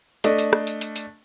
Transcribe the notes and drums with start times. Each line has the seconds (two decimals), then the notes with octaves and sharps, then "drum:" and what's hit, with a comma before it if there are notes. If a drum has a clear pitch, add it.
0.24 A3 D4 D#5, drum: hi-hat
0.38 drum: hi-hat
0.53 drum: rim click
0.67 drum: hi-hat
0.81 drum: hi-hat
0.96 drum: hi-hat